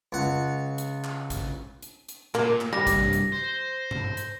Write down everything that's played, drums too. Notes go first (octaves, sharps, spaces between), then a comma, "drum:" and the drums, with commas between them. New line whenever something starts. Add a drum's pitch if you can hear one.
C#2 F#5
drum: hi-hat
drum: clap
drum: kick, hi-hat
drum: hi-hat
drum: hi-hat
A#2 A#3, drum: clap
drum: clap
C2 G2 G3 A#6
drum: kick, hi-hat
drum: hi-hat
C5
drum: tom G2
drum: hi-hat